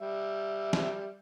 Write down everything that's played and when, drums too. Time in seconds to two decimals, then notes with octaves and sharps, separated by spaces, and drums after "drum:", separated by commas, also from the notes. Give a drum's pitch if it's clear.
0.01 G3 E5
0.73 drum: snare